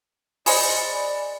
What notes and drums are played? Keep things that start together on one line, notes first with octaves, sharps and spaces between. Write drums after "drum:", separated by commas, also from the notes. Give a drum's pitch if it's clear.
G#4 C5 D5 D#5 G#5 B5, drum: open hi-hat